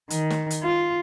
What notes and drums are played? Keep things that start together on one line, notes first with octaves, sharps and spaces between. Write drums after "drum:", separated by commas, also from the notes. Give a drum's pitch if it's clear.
D#3, drum: hi-hat
drum: snare
drum: hi-hat
F4